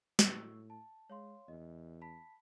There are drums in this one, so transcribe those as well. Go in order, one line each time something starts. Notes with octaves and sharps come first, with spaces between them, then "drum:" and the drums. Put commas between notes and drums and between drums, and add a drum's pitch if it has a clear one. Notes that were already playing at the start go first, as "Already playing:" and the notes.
A2 F#4 C#6 E6, drum: snare
A5
G#3 C#5 F5 C6
E2 D#5
A5 B5 B6